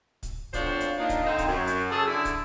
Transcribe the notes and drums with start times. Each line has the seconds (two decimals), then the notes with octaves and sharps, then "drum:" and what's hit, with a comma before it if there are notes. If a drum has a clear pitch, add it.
0.23 drum: kick, hi-hat
0.53 F2 B2 F3 D4 C5 C#5, drum: kick, hi-hat
0.80 drum: hi-hat
0.98 A#3 D4 D#4 F4
1.09 drum: kick, hi-hat
1.24 D3 C4 D#4
1.38 drum: kick, hi-hat
1.48 F#2
1.67 drum: hi-hat
1.91 C#3 G#4 A4
2.08 D3 E4 D5 E5
2.25 drum: kick, hi-hat